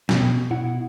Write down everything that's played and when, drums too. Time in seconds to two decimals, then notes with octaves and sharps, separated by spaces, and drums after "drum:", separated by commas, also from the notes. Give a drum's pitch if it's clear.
0.09 B2, drum: snare
0.50 B2 E4 F#5